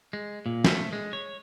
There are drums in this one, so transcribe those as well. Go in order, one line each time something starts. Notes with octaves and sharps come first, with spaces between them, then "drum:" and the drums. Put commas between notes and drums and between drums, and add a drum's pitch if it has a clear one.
G#3
A#2
A3, drum: snare
G#3
C#5